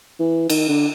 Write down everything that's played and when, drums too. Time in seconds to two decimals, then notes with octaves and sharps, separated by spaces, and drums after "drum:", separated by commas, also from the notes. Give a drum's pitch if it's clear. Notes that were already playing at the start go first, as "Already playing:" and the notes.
0.20 E3
0.50 D#3, drum: cymbal
0.69 D3